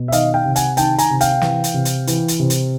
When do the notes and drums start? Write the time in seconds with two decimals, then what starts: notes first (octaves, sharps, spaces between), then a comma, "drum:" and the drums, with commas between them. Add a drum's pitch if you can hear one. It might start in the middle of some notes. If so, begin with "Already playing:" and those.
Already playing: B2
0.08 E5
0.12 D#3 D#5 F5, drum: hi-hat
0.34 F5 G5
0.45 C3
0.56 F#5 G#5, drum: hi-hat
0.77 D#3 G5 A5, drum: hi-hat
0.98 G#5 A#5, drum: hi-hat
1.10 C3
1.21 F5 G5, drum: hi-hat
1.42 E3, drum: snare
1.64 drum: hi-hat
1.74 C3
1.85 drum: hi-hat
2.07 E3, drum: hi-hat
2.28 drum: hi-hat
2.39 C3
2.50 drum: hi-hat